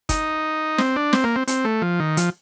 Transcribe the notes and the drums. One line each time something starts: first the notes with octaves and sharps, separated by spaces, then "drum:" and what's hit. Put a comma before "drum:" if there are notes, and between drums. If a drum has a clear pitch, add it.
D#4, drum: kick, hi-hat
C4, drum: snare
D4
C4, drum: snare
A#3
C4
C4, drum: hi-hat
A3
F3
D#3
F3, drum: hi-hat